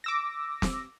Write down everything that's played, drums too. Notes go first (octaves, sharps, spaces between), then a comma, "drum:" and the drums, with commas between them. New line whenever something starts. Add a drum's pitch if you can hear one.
D6 E6 A#6
drum: snare